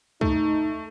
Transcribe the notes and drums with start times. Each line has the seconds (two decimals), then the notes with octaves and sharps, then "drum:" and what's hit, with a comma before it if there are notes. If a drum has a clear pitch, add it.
0.21 A3 D#4, drum: kick